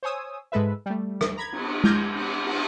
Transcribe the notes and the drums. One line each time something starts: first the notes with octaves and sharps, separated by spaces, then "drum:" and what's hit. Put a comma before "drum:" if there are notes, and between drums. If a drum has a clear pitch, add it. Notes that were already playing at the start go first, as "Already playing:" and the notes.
C5 C#5 G#5 D#6 E6
G#2 G#3 A4 B4 E5
G3 A3
drum: rim click
A#5 B5 G#6
drum: cymbal
D6 F6 G6 G#6 A#6, drum: tom G#3
drum: cymbal
drum: cymbal